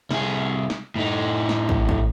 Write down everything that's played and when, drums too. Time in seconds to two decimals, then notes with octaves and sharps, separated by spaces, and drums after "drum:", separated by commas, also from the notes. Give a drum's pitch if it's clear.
0.11 C2 G#4, drum: snare
0.70 drum: snare
0.96 A2 D#4
1.49 drum: snare
1.69 drum: kick
1.89 drum: kick